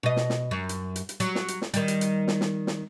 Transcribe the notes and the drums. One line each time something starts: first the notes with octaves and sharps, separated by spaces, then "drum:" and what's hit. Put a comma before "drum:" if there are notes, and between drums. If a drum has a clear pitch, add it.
B2 D#5
drum: snare
drum: snare
F#2
drum: hi-hat
drum: hi-hat
drum: hi-hat
F#3, drum: hi-hat
drum: snare
drum: hi-hat
drum: snare
D#3 G3, drum: hi-hat
drum: hi-hat
drum: hi-hat
drum: snare
drum: snare
drum: snare